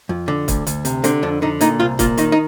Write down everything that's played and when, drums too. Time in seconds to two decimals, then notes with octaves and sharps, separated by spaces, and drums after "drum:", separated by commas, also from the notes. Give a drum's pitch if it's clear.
0.09 F2
0.28 D3
0.48 D2, drum: kick, hi-hat
0.67 D2, drum: hi-hat
0.85 C3, drum: hi-hat
1.04 D3 C4, drum: hi-hat
1.23 F2 D4
1.42 D3 D#4
1.61 A#2 D#4, drum: hi-hat
1.80 C2 F4
1.99 A#2 F4, drum: kick, hi-hat
2.17 D#3 D#4, drum: hi-hat
2.32 D#4